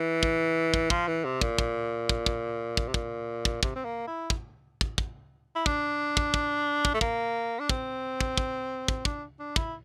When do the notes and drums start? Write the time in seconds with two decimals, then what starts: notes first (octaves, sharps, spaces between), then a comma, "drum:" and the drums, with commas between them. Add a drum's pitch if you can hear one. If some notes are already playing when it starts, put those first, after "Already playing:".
Already playing: E3
0.23 drum: kick
0.74 drum: kick
0.90 F3, drum: kick
1.07 E3
1.25 C3
1.41 A#2, drum: kick
1.58 drum: kick
2.09 drum: kick
2.26 drum: kick
2.77 drum: kick
2.88 C3
2.94 A#2, drum: kick
3.45 drum: kick
3.63 C3, drum: kick
3.76 C4
3.85 A#3
4.07 E4
4.30 drum: kick
4.81 drum: kick
4.98 drum: kick
5.55 E4
5.66 D4, drum: kick
6.17 drum: kick
6.34 drum: kick
6.85 drum: kick
6.94 A3
7.01 A#3, drum: kick
7.60 D4
7.69 C4, drum: kick
8.21 drum: kick
8.37 drum: kick
8.88 drum: kick
9.05 D4, drum: kick
9.39 D4
9.56 E4, drum: kick